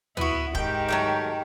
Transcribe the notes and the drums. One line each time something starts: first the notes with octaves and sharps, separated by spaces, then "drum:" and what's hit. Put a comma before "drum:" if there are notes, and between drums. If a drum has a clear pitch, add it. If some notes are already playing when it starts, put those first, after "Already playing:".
B3 E4 F#4, drum: tom D2
G#2 D#3 G4 G5, drum: kick E1
F#3 A3 G5